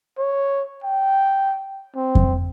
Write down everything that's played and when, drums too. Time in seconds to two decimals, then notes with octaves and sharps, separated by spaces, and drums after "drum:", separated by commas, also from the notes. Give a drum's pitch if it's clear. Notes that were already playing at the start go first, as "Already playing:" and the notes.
0.18 C#5
0.84 G5
1.95 C4
2.15 drum: kick F2